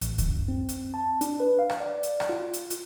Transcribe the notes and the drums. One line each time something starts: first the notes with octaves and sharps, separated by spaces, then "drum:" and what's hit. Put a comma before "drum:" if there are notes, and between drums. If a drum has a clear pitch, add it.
A1, drum: hi-hat
drum: kick C#2, hi-hat
F#2
C4
drum: hi-hat
A5
D4, drum: hi-hat
B4
F5
drum: rim click
D5
drum: hi-hat
drum: rim click
F4
drum: hi-hat
drum: hi-hat